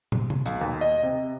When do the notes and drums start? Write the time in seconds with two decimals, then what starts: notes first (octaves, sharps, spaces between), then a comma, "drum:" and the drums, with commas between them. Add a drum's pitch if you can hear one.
0.12 drum: tom
0.30 drum: tom
0.46 B1, drum: hi-hat
0.61 D#2
0.81 D#5
1.03 C3